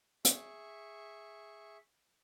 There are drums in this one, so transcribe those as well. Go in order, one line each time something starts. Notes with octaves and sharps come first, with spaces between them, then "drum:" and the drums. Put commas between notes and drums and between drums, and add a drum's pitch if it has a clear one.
G#4 E5 C#6, drum: hi-hat